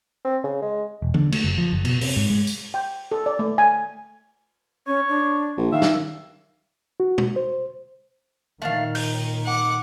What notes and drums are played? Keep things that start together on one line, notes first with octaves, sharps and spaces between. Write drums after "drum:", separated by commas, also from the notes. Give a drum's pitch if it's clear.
C4
C#3
G#3
E1
D3, drum: tom
A3, drum: cymbal
F#1
F3
F#1
B2, drum: cymbal
C3, drum: open hi-hat
G#2
G#3
drum: tambourine
G5
A4
D5
A3
G#5
C#4 C#5
D4
A#1
D#3 E5 F5
drum: snare
F#4
drum: tom B2
C5
A#2 D#3 A3 D4 F5
G6, drum: open hi-hat
F#5 D6